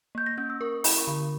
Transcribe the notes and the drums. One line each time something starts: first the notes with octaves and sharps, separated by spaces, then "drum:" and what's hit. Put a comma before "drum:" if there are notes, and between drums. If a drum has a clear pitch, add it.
A#3 G6
A#6
C#4 G6
E6
A#4 C#6
E4 B5, drum: open hi-hat
C#6
D3 B5